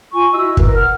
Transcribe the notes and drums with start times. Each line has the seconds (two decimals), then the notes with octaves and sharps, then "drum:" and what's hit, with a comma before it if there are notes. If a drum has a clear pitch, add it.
0.12 F4 G#5 C#6
0.33 E4 F#4 D#5 E6
0.57 A#4 B4, drum: kick
0.75 F#5 F6